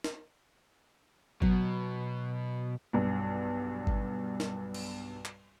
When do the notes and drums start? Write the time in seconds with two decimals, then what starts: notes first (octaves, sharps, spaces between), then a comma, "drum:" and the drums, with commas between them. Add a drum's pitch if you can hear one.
0.04 drum: snare
1.42 B2 F#3, drum: kick G#1
2.93 B1 G2
3.87 drum: kick G#1
4.40 drum: snare
4.74 drum: cymbal
5.25 drum: clap